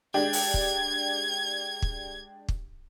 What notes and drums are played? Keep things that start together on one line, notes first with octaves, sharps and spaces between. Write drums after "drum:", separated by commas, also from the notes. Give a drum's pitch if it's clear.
G#3 D4 G4 G#6
drum: open hi-hat
drum: kick
drum: kick
drum: kick